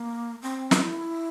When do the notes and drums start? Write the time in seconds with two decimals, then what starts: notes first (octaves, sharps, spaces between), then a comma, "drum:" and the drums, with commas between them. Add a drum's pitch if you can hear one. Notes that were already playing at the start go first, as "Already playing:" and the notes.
Already playing: A#3
0.42 C4
0.71 E4, drum: snare